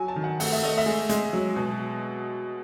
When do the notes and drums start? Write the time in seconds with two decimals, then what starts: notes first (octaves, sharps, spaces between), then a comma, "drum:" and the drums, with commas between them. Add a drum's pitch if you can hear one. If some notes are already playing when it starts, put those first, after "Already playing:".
Already playing: F#3 G#5
0.08 A5
0.16 D#3
0.24 F#5
0.40 A3 F#5, drum: open hi-hat
0.52 E5
0.63 A3 D#5
0.78 E5
0.86 G#3
1.10 G#3, drum: hi-hat
1.33 F#3
1.56 B2